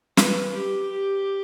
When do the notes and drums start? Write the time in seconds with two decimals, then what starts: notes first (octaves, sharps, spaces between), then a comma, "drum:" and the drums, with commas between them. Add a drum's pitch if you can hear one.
0.17 B4, drum: snare
0.54 G4
0.91 G4